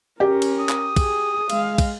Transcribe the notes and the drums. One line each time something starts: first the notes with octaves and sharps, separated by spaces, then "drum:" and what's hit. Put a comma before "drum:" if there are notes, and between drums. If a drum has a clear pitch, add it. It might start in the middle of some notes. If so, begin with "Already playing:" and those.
C#4 G4 A#4
drum: cymbal
D#6
drum: clap
G#4, drum: kick, cymbal
G#3 F5, drum: cymbal
drum: kick, cymbal